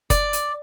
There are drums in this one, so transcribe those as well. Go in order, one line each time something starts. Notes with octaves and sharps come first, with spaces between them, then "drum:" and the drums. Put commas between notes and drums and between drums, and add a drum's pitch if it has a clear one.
D5, drum: kick F#1, hi-hat
drum: hi-hat